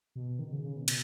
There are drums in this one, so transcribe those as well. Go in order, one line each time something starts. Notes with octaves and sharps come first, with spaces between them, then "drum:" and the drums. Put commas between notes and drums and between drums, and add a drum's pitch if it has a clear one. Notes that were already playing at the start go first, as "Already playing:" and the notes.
B2
D#3
C#3
C#3
B2
B2, drum: cymbal